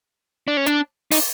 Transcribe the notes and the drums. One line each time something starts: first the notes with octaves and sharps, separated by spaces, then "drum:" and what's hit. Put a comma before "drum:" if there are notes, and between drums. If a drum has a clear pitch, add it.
D4
C#4
D4, drum: hi-hat
D#4, drum: open hi-hat